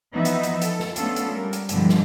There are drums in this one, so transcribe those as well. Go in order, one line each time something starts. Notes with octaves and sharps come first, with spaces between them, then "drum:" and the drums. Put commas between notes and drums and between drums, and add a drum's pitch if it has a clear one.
E3 F3 B3 D#4 B4 E5
drum: hi-hat
drum: hi-hat
A4, drum: hi-hat
drum: snare
A3 B3 C#4 D4 F4 A4, drum: hi-hat
drum: hi-hat
G3 A#4
drum: hi-hat
G2 B2 D3 E3 F3 G3, drum: hi-hat
drum: snare